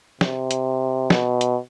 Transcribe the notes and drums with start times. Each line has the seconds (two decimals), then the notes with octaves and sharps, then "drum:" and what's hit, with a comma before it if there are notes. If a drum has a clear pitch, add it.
0.21 C3, drum: snare
0.51 drum: hi-hat
1.10 B2, drum: snare
1.41 drum: hi-hat